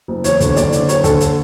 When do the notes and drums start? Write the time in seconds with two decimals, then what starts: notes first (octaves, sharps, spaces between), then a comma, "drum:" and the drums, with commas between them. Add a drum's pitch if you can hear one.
0.08 F#1
0.24 E2 C#5, drum: hi-hat
0.40 D3, drum: kick, hi-hat
0.50 C#5
0.56 F#1 D5, drum: hi-hat
0.72 D3, drum: hi-hat
0.89 F#1 C#5, drum: hi-hat
1.04 D3 A4, drum: kick, hi-hat
1.20 drum: hi-hat